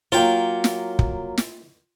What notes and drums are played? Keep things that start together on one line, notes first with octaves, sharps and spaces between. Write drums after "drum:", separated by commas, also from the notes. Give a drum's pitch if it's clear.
F#3 A#3 F4 G5
drum: snare
drum: kick
drum: snare